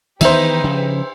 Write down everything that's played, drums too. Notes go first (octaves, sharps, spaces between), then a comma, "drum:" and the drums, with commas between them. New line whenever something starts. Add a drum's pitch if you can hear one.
D#3 E3 B3 D#4 G4 B4 C5 E5, drum: cymbal
C#3 F3